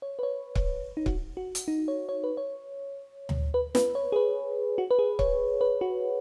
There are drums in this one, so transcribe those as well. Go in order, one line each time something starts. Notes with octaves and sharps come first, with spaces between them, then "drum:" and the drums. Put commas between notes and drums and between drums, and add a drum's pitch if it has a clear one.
C#5
B4
C#5
drum: kick C#1
D#4
F#4, drum: kick C#1
F#4
drum: hi-hat
D#4
C#5
C#5
B4
C#5
drum: tom D2
B4
B4, drum: snare
C#5
G#4
B4
F#4
B4
G#4
C#5, drum: kick C#1
B4
F#4